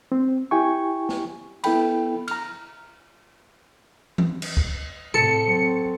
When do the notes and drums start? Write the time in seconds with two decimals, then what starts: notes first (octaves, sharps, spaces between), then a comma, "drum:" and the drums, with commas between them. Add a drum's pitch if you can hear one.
0.12 C4
0.51 E4 G4 G5 G#5 C#6
1.09 drum: snare
1.64 B3 E4 A4 G5 B5, drum: cymbal
2.28 A#5 F6, drum: cymbal
4.18 drum: tom E3
4.42 drum: cymbal
4.57 drum: kick
5.14 A2 C3 A4 C#7
5.48 F#3 C4